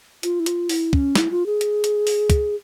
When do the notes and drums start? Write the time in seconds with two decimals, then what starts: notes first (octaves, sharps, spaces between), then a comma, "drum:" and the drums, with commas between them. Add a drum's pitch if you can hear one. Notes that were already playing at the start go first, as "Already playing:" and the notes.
0.23 F4, drum: hi-hat
0.40 E4
0.46 F4, drum: hi-hat
0.69 E4, drum: open hi-hat
0.93 C#4, drum: kick
1.16 E4, drum: snare
1.31 F4
1.46 G#4
1.61 drum: hi-hat
1.84 drum: hi-hat
2.07 drum: open hi-hat
2.30 drum: kick, hi-hat